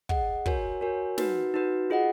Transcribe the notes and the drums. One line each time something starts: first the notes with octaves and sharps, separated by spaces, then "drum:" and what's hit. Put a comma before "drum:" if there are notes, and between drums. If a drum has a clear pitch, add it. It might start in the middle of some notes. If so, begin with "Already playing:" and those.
G#4 D#5 F#5, drum: kick
F#4 A#4 C#5 G#5, drum: kick
F#4 A#4 C#5 G#5
D#4 F#4 B4, drum: snare
D#4 F#4 B4
F4 G#4 D#5 F#5